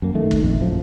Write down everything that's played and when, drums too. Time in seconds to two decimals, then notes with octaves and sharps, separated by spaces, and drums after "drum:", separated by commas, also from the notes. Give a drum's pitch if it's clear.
0.02 F#2 A#3
0.15 D#3 A3
0.31 drum: kick
0.43 A#1 F2
0.61 A#1 F#2 F3